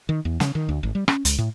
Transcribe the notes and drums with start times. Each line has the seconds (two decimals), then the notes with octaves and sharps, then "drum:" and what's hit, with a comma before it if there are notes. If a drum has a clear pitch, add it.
0.09 D#3
0.25 E2
0.40 C#3, drum: snare
0.55 D#3
0.69 D2
0.83 G#1
0.95 G3
1.08 C#4, drum: rim click
1.25 C#2, drum: hi-hat
1.38 A2